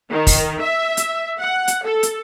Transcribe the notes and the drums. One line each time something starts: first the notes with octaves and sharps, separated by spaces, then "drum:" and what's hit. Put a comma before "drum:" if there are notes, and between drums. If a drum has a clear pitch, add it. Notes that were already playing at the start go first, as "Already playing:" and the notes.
D#3
drum: kick, open hi-hat
E5
drum: hi-hat
F#5
drum: hi-hat
A4
drum: hi-hat